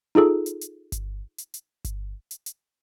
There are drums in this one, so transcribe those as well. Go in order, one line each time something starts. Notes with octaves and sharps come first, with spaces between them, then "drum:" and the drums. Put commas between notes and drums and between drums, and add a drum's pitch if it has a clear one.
D#4 F4 G#4 A4
drum: hi-hat
drum: hi-hat
drum: kick G1, hi-hat
drum: hi-hat
drum: hi-hat
drum: kick G1, hi-hat
drum: hi-hat
drum: hi-hat